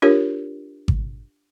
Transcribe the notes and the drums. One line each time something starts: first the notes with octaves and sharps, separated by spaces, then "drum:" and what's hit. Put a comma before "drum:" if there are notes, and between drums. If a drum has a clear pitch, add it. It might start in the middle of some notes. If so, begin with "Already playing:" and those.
D4 F4 G4 A#4 C#5
drum: kick G#1